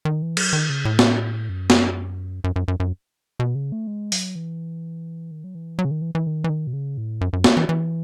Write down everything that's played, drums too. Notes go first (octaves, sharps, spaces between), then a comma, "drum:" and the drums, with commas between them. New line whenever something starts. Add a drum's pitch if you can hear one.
D#3
E3
F#3, drum: cymbal
D#3
C#3
A2
drum: snare
F#2
drum: snare
F#2
F#2
F#2
F#2
B2
C#3
A3
G#3
F#3, drum: open hi-hat
E3
D#3
F#3
E3
F#3
C#3
D#3
E3
E3
D#3
E3
D#3
B2
C#3
A2
F#2
F#2
drum: snare
E3
E3